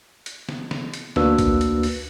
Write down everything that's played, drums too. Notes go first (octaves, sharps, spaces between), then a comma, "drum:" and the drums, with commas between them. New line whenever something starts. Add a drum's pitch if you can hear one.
drum: hi-hat
drum: snare
drum: snare
drum: hi-hat
D2 A#3 D4 F#4 B4 E6, drum: snare
drum: kick A#1, hi-hat
drum: hi-hat
drum: open hi-hat